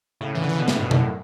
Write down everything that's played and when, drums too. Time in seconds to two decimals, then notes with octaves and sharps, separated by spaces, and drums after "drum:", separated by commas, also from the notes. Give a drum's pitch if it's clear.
0.21 A2 C#3
0.35 C#3 E3
0.42 D3
0.49 C#3 E3
0.58 B2 D3
0.68 A2 C#3, drum: snare
0.78 G2 B2
0.91 F#2 A2, drum: tom B2